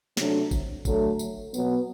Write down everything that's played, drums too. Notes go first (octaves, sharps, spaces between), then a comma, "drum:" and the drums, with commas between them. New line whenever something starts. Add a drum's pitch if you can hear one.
C3 F#3 A3 D4, drum: snare
drum: kick G1, tambourine
D3 F#3 A3, drum: kick G1, tambourine
drum: tambourine
B2 F#3 B3, drum: tambourine